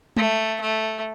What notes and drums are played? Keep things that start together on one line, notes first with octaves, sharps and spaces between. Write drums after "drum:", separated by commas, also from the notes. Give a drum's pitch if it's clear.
A3, drum: tom G#3
A3